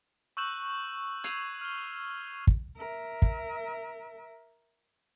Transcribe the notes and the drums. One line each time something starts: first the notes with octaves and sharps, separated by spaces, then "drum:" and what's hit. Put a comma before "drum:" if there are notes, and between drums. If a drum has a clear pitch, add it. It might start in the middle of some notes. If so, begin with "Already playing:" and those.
C#6 E6 F#6 G6 E7 F#7
E6 G#6 C7 D#7 F7, drum: hi-hat
F6 G7
drum: kick
A#4 E5
drum: kick